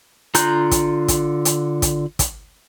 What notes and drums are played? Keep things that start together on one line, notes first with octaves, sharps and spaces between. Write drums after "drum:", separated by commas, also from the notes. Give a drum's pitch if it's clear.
D3 F4 A#5 F#6 G6, drum: hi-hat
drum: kick, hi-hat
drum: kick, hi-hat
drum: hi-hat
drum: kick, hi-hat
drum: kick, hi-hat